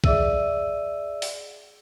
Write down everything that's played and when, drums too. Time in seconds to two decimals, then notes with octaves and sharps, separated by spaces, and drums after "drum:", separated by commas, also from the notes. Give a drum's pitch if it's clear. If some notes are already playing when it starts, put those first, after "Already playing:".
0.04 G#4 D5 E5 E6 D#7, drum: kick B1
1.22 drum: open hi-hat